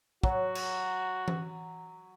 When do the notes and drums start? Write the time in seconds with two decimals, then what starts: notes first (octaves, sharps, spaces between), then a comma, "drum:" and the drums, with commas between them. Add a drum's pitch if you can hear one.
0.23 F#3 F#4, drum: kick
0.55 drum: cymbal
1.28 drum: tom E3